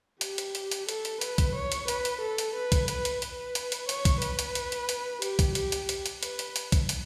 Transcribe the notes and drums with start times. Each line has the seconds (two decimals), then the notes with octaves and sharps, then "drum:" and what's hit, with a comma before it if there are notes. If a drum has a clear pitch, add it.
0.21 G4, drum: hi-hat
0.38 drum: hi-hat
0.55 drum: hi-hat
0.71 drum: hi-hat
0.89 A4, drum: hi-hat
1.05 drum: hi-hat
1.21 B4, drum: hi-hat
1.38 drum: kick, hi-hat
1.55 C#5
1.72 drum: hi-hat
1.88 B4, drum: hi-hat
2.05 drum: hi-hat
2.22 A4
2.38 drum: hi-hat
2.55 B4
2.72 drum: kick, hi-hat
2.88 B4, drum: hi-hat
3.05 drum: hi-hat
3.22 B4, drum: hi-hat
3.55 drum: hi-hat
3.72 drum: hi-hat
3.89 C#5, drum: hi-hat
4.05 drum: kick, hi-hat
4.22 B4, drum: hi-hat
4.39 drum: hi-hat
4.55 drum: hi-hat
4.72 drum: hi-hat
4.89 drum: hi-hat
5.22 G4, drum: hi-hat
5.39 drum: kick, hi-hat
5.55 G4, drum: hi-hat
5.72 drum: hi-hat
5.89 drum: hi-hat
6.06 drum: hi-hat
6.23 B4, drum: hi-hat
6.39 drum: hi-hat
6.56 drum: hi-hat
6.72 drum: kick, hi-hat
6.89 drum: hi-hat